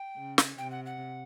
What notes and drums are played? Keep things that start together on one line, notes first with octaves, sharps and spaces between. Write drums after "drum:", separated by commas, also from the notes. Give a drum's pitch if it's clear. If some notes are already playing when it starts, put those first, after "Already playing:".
Already playing: G5
C#3
drum: snare
C3 G5
F#5
F#5